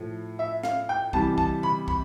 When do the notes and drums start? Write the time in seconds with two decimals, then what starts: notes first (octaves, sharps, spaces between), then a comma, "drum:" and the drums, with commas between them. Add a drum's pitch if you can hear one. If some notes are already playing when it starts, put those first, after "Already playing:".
Already playing: A2 F3
0.39 E5
0.63 F5, drum: snare
0.89 G5
1.13 C3 E3 G3 A5, drum: kick
1.38 A5, drum: kick
1.63 B5, drum: tom C#3
1.88 B5, drum: kick